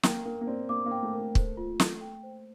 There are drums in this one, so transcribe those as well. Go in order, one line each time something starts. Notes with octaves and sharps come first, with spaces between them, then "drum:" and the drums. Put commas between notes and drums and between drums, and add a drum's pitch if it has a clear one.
A#3 G5, drum: snare
A#3 A#4
A#3
C4 D5
A#3 D6
A#3
G5
A3
A#4
A3
A3 C5, drum: kick
F4
A4, drum: snare
G5
C5